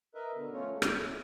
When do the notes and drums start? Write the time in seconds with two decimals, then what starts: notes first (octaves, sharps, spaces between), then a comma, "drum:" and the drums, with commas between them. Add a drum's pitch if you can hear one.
0.15 A#4 B4 D#5 E5
0.35 B2 D3
0.53 F3 A3 C#4 F4 C#5
0.72 G#3
0.82 drum: rim click
0.98 E4 G#4